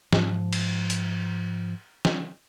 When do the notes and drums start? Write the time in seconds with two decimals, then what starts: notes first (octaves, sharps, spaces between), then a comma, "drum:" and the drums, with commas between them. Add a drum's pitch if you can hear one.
0.13 G#2 F3, drum: snare
0.53 drum: cymbal
0.90 drum: hi-hat
2.05 drum: snare